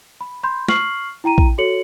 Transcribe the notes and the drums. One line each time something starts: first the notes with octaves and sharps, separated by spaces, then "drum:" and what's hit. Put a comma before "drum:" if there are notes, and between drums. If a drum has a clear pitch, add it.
B5
B5 C6 G6
C#6 F6 C7 F#7, drum: snare
E4 G5 A#5 D#7
drum: kick A#1
F#4 A4 C#5 C#7 F#7